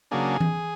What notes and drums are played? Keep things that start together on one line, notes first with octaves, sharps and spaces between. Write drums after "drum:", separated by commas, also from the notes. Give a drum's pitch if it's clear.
C#3 F#3 A#3 D4 G#4
drum: tom E3